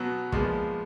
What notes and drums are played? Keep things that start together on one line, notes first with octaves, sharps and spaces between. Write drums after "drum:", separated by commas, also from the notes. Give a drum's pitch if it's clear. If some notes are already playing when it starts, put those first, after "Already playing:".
Already playing: B2 F#3 B3
A#2 F3 G#3 B3, drum: kick